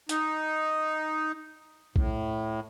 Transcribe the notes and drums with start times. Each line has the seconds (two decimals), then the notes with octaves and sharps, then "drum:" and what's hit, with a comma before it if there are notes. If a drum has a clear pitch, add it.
0.09 D#4, drum: hi-hat
1.96 A2, drum: kick B1